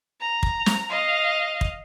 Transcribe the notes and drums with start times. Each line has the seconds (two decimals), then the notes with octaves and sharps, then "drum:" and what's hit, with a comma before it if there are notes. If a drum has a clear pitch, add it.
0.20 A#5
0.43 drum: kick
0.66 drum: snare
0.90 D#5 F5
1.61 drum: kick